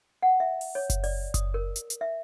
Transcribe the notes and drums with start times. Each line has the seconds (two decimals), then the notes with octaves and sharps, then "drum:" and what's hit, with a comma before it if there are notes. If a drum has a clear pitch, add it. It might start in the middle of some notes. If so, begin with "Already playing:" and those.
0.22 F#5
0.40 E5
0.61 drum: open hi-hat
0.75 C#5
0.90 drum: kick F#1, hi-hat
1.04 D5, drum: open hi-hat
1.34 D#6, drum: kick F#1, hi-hat
1.54 A#4
1.76 drum: hi-hat
1.90 drum: hi-hat
2.01 E5